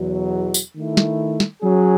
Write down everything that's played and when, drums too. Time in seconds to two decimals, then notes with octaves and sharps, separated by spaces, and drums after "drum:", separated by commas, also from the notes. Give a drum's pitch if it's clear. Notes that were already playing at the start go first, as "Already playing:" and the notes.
Already playing: E2 B2 F#3
0.54 drum: tambourine
0.76 D#3 A3 E4
0.97 drum: snare
1.40 drum: snare
1.62 F#3 C#4 G#4